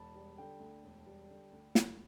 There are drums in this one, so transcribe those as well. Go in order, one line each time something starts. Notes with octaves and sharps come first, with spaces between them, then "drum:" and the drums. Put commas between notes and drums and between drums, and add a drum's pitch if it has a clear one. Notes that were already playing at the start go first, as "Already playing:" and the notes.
Already playing: E1 A5 B5
G3
D3 G5
D2
E1
G3
D3
D2
E1, drum: snare